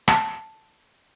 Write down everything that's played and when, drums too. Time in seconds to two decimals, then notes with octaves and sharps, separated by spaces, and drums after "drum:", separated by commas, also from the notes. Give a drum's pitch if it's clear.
0.08 A5, drum: rim click